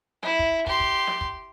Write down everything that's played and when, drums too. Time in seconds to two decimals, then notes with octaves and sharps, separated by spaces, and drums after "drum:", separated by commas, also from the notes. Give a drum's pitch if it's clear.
0.23 E4, drum: snare
0.39 drum: kick
0.67 G4 C6, drum: kick
0.80 drum: kick
1.07 drum: snare
1.21 drum: kick